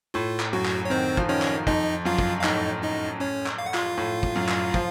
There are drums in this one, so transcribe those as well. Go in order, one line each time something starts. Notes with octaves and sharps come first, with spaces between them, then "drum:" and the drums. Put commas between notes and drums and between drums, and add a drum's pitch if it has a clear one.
A2 F4
drum: clap
F#2 F#4
drum: clap
C#5
D#3 C4 C5
F3, drum: kick
D#3 C#4 C#5
drum: clap
F2 D#4 D#5, drum: kick
F#2 F4 F5
drum: kick
F5
A2 D#4 D#5, drum: clap
D#4 D#5
C#4 C#5
drum: clap
F5
F#5
F4 F5, drum: clap
A2
drum: kick
F#2
drum: clap
F3, drum: kick